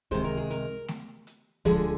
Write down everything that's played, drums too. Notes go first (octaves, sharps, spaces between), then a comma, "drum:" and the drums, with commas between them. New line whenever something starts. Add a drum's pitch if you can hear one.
C3 D#3 G#3 C5, drum: kick C#2, hi-hat
A#4
G#4
A#4, drum: hi-hat
drum: snare A3
drum: hi-hat
D3 F3 G#3 G#4, drum: kick C#2, hi-hat